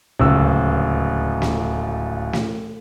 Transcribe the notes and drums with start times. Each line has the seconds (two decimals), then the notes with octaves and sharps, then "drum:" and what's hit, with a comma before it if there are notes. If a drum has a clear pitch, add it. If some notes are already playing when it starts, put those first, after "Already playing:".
0.20 D1 C#2 E6
1.42 drum: snare
2.33 drum: snare